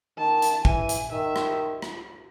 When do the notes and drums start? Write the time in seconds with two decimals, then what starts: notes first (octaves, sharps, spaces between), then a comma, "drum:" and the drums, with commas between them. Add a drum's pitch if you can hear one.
0.18 D#3 A5
0.42 drum: hi-hat
0.65 E3 G#5, drum: kick
0.89 drum: hi-hat
1.12 D#3 E5
1.36 drum: rim click
1.82 drum: rim click